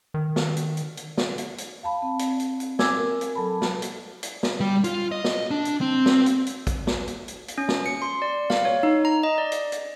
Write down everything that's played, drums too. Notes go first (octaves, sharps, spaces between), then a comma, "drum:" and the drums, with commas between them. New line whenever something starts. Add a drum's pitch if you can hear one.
D#3
drum: snare
drum: hi-hat
drum: hi-hat
drum: hi-hat
drum: snare
drum: hi-hat
drum: hi-hat
F5 A5 B5
C4
drum: hi-hat
drum: hi-hat
drum: hi-hat
G#5 D6 E6 G#6, drum: snare
A#4
drum: hi-hat
F#3 A4 A5 B5
drum: snare
drum: hi-hat
drum: hi-hat
drum: snare
G3
F4, drum: hi-hat
D#5
drum: snare
D4
drum: hi-hat
C4
drum: snare
drum: hi-hat
drum: hi-hat
drum: kick, hi-hat
drum: snare
drum: hi-hat
drum: hi-hat
drum: hi-hat
C#4
drum: snare
C#7
C6
D5
F5, drum: snare
C#5
D#4
A#5
D#5
D5
drum: hi-hat
drum: hi-hat